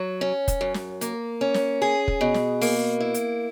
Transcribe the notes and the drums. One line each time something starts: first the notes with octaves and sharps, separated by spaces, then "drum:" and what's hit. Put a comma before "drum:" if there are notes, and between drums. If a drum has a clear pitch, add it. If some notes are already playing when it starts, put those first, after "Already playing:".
Already playing: F#3
C#4
drum: kick, hi-hat
F#2
drum: snare
A#3, drum: hi-hat
C#4
drum: snare
G#4
drum: kick
B2
drum: snare
A#3, drum: open hi-hat
E4
drum: hi-hat